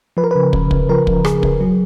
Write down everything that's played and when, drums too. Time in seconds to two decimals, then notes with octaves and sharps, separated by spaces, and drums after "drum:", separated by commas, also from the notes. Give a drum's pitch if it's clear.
0.17 F3 B4
0.24 A#4
0.31 C#3 B4
0.53 C#3, drum: kick
0.71 C#3, drum: kick
0.89 F3 A#4
1.07 C#3, drum: kick
1.25 C#3 G#4, drum: rim click
1.43 C#3, drum: kick
1.60 F#3